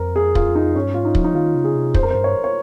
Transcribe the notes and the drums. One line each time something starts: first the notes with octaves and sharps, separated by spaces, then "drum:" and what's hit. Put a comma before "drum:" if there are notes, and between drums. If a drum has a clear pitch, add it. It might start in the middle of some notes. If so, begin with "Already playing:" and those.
Already playing: F2 A#4 C5
G#4
F4, drum: kick
D#4
G2 C#4
G#2 F4
D#4
F3, drum: kick
D#4
D#3 F4
C#3
G#4
C3
F2 C5, drum: kick
A#4
G2 C5
C#5
C#5